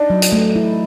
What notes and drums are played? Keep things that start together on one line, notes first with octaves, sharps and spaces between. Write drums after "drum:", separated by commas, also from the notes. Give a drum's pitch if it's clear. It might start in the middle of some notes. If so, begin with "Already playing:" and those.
Already playing: D4 D#4
F#3
drum: hi-hat
A3
E4